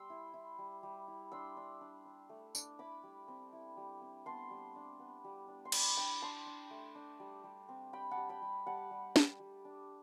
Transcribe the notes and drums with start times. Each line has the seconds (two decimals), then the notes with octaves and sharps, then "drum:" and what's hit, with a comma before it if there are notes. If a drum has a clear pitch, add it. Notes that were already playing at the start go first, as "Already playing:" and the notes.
Already playing: G3 C6 E6
0.10 E4
0.34 E4
0.58 G3
0.83 G3
1.08 E4
1.32 D4 C6 E6
1.57 D4
1.81 D4
2.05 D4
2.29 A3
2.55 D4, drum: tambourine
2.79 E4 B5 D6
3.04 G3
3.28 C4
3.53 E4
3.77 G3
4.02 C4
4.26 B3 A5 C6
4.51 G3
4.76 D4
5.00 B3
5.24 G3
5.48 D4
5.65 C6
5.72 D4 G5 B5, drum: cymbal
5.97 D4 G5 B5
6.22 D4 A5 C6
6.46 D4
6.71 A3
6.95 D4
7.20 G3
7.44 G3
7.69 C4
7.93 G3 G5 B5
8.11 F#5 A5
8.17 G3
8.29 G5 B5
8.42 G3
8.66 G3 F#5 A5
8.91 G3
9.16 G3, drum: snare
9.40 G3
9.65 D4